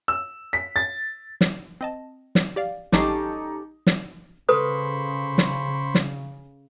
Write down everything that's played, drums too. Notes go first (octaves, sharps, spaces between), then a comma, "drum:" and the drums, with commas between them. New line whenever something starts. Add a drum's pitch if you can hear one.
E6
B6
A6
drum: snare
C4 D#5 A5
drum: snare
G4 D5 F5
A1 G3 C#4 D#4 G4 A4 C7, drum: snare
drum: snare
C#3 A4 B4 C5 B5 C#6 D#6
drum: snare
drum: snare